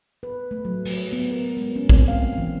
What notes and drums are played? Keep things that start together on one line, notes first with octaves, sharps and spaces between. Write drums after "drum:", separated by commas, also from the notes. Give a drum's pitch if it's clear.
B4
A3
F#3
F#3, drum: open hi-hat
B3
A#4
G#3
C#4
C4, drum: kick
F5
E3